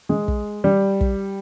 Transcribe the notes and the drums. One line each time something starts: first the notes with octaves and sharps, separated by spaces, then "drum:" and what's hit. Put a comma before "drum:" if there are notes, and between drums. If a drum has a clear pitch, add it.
G#3
drum: kick
G3
drum: kick